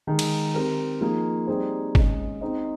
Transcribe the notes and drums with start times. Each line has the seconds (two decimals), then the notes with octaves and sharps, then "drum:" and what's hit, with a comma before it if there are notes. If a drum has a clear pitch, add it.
0.07 D#3 G#3 D#4
0.19 drum: cymbal
0.54 C4 G4 A#4
1.01 F3 A#3 D#4 G#4
1.47 G3 C4 D#4 G#4 C5
1.95 G#3 C#4 G#4 D#5, drum: kick G1
2.41 C4 D#4 G#4 C5 D#5